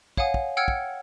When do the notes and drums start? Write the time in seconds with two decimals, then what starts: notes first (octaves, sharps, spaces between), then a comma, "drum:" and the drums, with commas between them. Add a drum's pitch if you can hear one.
0.17 C#5 F5 F#5 G#5 D#6, drum: kick
0.34 drum: kick
0.57 F#5 G5 E6 F6 G#6 C#7
0.68 drum: kick